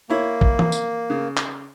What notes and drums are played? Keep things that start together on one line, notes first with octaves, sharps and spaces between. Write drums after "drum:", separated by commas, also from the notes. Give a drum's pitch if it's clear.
A#3 E4 C#5
drum: kick
drum: tom E3
drum: tambourine
C#3
drum: clap